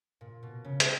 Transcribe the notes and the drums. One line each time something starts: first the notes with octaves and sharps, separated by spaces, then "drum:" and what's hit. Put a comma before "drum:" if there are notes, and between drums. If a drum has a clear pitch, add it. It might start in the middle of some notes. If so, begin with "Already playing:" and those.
A#2
B2
C#3
G5, drum: hi-hat